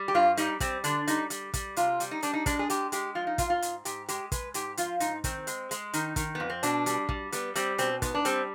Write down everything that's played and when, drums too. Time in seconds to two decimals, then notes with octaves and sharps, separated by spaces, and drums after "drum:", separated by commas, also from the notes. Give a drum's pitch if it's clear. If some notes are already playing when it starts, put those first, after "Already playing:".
Already playing: G3
0.08 G4
0.15 G2 F4
0.37 G3 D#4, drum: hi-hat
0.60 G3 C4, drum: kick, hi-hat
0.84 D3 D4, drum: hi-hat
1.07 G3 D#4, drum: hi-hat
1.30 G3, drum: hi-hat
1.54 G3, drum: kick, hi-hat
1.76 C3 F4, drum: hi-hat
2.00 G3, drum: hi-hat
2.11 D#4
2.22 G3 D4, drum: hi-hat
2.33 D#4
2.46 G#3 D4, drum: kick, hi-hat
2.59 G#4
2.70 G#3 G4, drum: hi-hat
2.92 G#3 G4, drum: hi-hat
3.15 F3 F4
3.27 D#4
3.38 G#2 F4, drum: kick, hi-hat
3.50 F4
3.62 G#2, drum: hi-hat
3.85 G#2 G4, drum: hi-hat
4.08 G#3 G4, drum: hi-hat
4.32 G#3 B4, drum: kick, hi-hat
4.54 G#2 G4, drum: hi-hat
4.77 F3 F4, drum: hi-hat
5.00 G#2 D#4, drum: hi-hat
5.24 D#3 C4, drum: kick, hi-hat
5.47 G#3, drum: hi-hat
5.71 G#3, drum: hi-hat
5.93 D#3 D#4, drum: hi-hat
6.16 D#3, drum: kick, hi-hat
6.35 F2 B3
6.50 C4
6.63 B2 D4, drum: hi-hat
6.86 G3, drum: hi-hat
7.09 G3, drum: kick
7.32 G3 B3, drum: hi-hat
7.55 G3 C4, drum: hi-hat
7.78 B2 C4, drum: hi-hat
8.02 G#2 B3, drum: kick, hi-hat
8.14 D4
8.25 G3 C4, drum: hi-hat